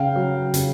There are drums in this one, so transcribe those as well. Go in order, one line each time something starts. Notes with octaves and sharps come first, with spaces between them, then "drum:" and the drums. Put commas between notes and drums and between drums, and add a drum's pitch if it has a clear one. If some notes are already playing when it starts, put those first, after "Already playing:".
Already playing: C#3 F5 G5
F#3
C#3, drum: hi-hat